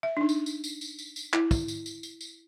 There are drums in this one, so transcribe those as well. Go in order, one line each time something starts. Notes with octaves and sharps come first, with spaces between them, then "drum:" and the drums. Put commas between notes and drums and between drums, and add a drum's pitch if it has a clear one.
E5
D4 D#4
drum: tambourine
drum: tambourine
drum: tambourine
drum: tambourine
drum: tambourine
drum: tambourine
E4, drum: clap
drum: kick, tambourine
drum: tambourine
drum: tambourine
drum: tambourine
drum: tambourine